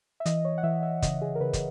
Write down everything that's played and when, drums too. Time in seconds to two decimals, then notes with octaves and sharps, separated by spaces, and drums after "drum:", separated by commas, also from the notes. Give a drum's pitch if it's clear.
0.20 E5
0.26 E3 D#5, drum: hi-hat
0.45 C#5
0.58 F#5
0.63 E3 E5
0.83 E5
1.02 C#3 D#5, drum: kick, hi-hat
1.22 G#4
1.35 A#4
1.40 C#3 B4
1.53 drum: kick, hi-hat